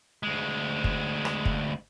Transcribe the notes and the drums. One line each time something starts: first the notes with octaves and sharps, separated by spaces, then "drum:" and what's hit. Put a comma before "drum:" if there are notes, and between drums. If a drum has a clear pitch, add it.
D2 G#3
drum: kick
drum: rim click
drum: kick